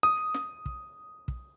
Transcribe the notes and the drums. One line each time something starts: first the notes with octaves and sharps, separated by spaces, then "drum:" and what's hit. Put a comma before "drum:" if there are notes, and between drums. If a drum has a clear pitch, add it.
D#6
drum: snare
drum: kick
drum: kick